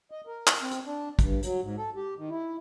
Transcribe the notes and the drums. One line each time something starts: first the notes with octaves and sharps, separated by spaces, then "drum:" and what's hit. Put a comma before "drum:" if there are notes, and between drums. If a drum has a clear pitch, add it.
D#5
A#4
drum: clap
C4
drum: hi-hat
D4
G2, drum: kick, hi-hat
F#3, drum: hi-hat
G#2
A4
G4
D#3
E4